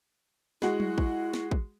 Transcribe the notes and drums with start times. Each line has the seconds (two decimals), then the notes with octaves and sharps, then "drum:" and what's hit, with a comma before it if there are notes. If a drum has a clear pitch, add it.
0.62 G#3 E4 F#4, drum: snare
0.80 drum: tom F#3
0.98 drum: kick
1.34 drum: snare
1.51 drum: kick